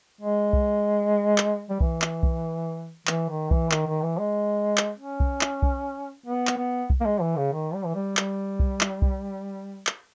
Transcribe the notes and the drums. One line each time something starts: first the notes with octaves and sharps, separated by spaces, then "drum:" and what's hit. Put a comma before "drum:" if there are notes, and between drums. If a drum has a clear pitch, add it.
G#3
drum: kick B1
drum: clap
G3
E3, drum: kick B1
drum: clap
drum: kick B1
E3, drum: clap
D#3
E3, drum: kick B1
D#3, drum: clap
D#3
E3
G#3
drum: clap
C#4
drum: kick B1
drum: clap
drum: kick B1
B3
drum: clap
B3
drum: kick B1
A#3
G#3
E3
C#3
D#3
G3
E3
G3
G3, drum: clap
drum: kick B1
drum: clap
drum: kick B1
drum: clap